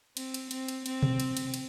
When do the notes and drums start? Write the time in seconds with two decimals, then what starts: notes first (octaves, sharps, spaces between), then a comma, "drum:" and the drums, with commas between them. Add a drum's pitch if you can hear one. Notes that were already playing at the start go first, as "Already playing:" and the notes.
0.17 C4, drum: cymbal
0.34 drum: cymbal
0.51 C4, drum: cymbal
0.68 drum: cymbal
0.86 C4, drum: cymbal
1.03 drum: tom B2
1.20 drum: cymbal
1.37 drum: cymbal
1.54 drum: cymbal